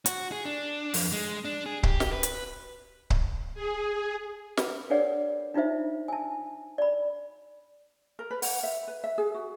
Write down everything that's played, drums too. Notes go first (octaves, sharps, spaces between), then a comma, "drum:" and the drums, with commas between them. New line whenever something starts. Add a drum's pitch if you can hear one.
F#4, drum: hi-hat
G#4
D4
F2, drum: open hi-hat
G#3
D4
G#4
G4, drum: kick C#1
drum: snare
B4
drum: hi-hat
drum: kick C#1
G#4
B4 B5, drum: snare
D4 G#4 A#4 C#5 D5 F#5
D4 D#4 F4 C5 E5
G#5 A5
D5 B5
A#4
B4
F#5, drum: open hi-hat
E5
B4
E5
G#4
F#4